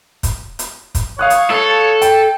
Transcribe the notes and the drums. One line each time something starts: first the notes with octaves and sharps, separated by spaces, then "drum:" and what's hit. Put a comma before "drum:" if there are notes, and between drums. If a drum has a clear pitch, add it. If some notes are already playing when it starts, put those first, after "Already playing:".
drum: kick, hi-hat
drum: hi-hat
drum: kick, hi-hat
C#5 F5 D#6 F#6
drum: hi-hat
A4
G5, drum: hi-hat